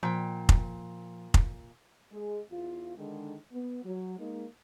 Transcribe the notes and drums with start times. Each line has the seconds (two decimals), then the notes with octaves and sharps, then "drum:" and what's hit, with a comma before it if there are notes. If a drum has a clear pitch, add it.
0.03 A#2 F3 G5
0.49 drum: kick F1
1.34 drum: kick F1
2.12 G#3
2.50 E2 F4
2.96 D3 D#3 G#3
3.52 B3
3.83 F#3
4.18 G#3 A#3 D#4